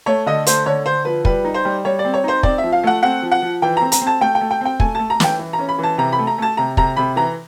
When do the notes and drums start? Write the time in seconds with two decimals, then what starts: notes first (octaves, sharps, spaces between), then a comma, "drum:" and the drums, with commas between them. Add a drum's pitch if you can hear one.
0.06 A3 C#5
0.26 D3 D#5
0.47 A3 C5, drum: hi-hat
0.66 D3 C#5
0.86 D3 C5
1.05 F3 B4
1.25 G3 B4, drum: kick
1.44 D#4
1.54 C5
1.65 G3
1.85 G3 C#5
1.99 D5
2.05 C4
2.14 C#5
2.24 D#4 C5
2.43 C4 D5, drum: kick
2.58 E5
2.63 F3
2.72 F5
2.83 A3 F#5
3.03 C4 F#5
3.22 F3
3.32 F#5
3.42 F3
3.62 E3 G5
3.77 C4 A#5
3.92 A#5, drum: hi-hat
4.01 C4
4.07 A5
4.21 A3 G5
4.35 G5
4.41 A3
4.51 G5
4.61 C4 G5
4.80 A3 G#5, drum: kick
4.95 A3 A5
5.10 A#5
5.20 E3 G5, drum: snare
5.39 E3
5.53 A#5
5.59 C#4
5.69 B5
5.78 E3 A5
5.98 C3 A#5
6.12 B5
6.19 A3
6.27 A#5
6.38 A3 A5
6.57 C3 A#5
6.77 C3 A#5, drum: kick
6.97 C3 B5
7.16 E3 A#5